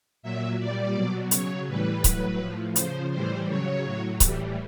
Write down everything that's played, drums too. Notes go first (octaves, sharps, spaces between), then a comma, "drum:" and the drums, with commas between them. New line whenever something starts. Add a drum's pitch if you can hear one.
A#2 F#3 E5
A#2 G3 D5
B2 F#3
C#3 F#3 C#5, drum: hi-hat
A2 E3 G3 B4
A2 F#3, drum: kick C#1, hi-hat
A2 F3
C#3 F3 C5, drum: hi-hat
A2 E3 G3 C5
C#3 F#3 C#5
A2 F#3
A2 E3 G3, drum: kick C#1, hi-hat